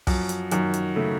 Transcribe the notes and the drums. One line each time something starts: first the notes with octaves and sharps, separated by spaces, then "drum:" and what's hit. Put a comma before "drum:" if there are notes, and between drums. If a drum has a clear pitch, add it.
F#2 F3, drum: kick, open hi-hat
drum: hi-hat
F#2 D#3, drum: hi-hat
drum: hi-hat
C#3 A3